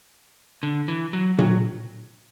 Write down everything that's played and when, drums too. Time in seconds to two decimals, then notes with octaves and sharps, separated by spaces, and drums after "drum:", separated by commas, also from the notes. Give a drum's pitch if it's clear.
0.63 D3
0.88 E3
1.13 F#3
1.39 F#3, drum: tom A#2